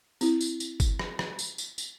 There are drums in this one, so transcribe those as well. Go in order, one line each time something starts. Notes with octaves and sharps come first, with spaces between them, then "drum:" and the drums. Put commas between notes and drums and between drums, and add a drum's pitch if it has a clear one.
C4 E4, drum: tambourine
drum: tambourine
drum: tambourine
drum: kick G1, tambourine
drum: rim click
drum: rim click
drum: tambourine
drum: tambourine
drum: tambourine